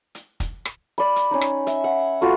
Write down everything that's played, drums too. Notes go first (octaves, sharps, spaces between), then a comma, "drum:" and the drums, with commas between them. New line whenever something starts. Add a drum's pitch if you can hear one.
drum: hi-hat
drum: kick, hi-hat
drum: rim click
D5 B5
drum: hi-hat
C#4 D#4
drum: rim click
E5, drum: hi-hat
F#5
A3 F4 F#4 B4